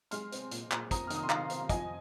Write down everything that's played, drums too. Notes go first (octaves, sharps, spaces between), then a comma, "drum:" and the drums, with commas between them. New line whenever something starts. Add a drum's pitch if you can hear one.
G#3 C6 F6, drum: hi-hat
C4, drum: hi-hat
A#2, drum: hi-hat
A#2, drum: clap
C4 A#5 D#6, drum: kick, hi-hat
F6
D#3, drum: hi-hat
D#6
C6
D#3 F5 A#5, drum: clap
C4, drum: hi-hat
F3 D#5 G#5, drum: kick, hi-hat